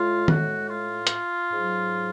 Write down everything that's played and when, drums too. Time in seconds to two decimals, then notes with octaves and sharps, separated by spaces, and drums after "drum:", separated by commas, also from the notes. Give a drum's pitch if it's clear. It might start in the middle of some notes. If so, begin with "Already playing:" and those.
Already playing: A2 G#3 F4
0.28 F#4, drum: tom
0.69 F4
1.07 drum: hi-hat
1.51 G#2 F#3